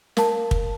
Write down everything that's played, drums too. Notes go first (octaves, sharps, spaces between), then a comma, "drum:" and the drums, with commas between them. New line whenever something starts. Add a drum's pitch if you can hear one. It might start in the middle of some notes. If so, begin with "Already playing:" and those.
A#4 F5 A5, drum: snare
drum: kick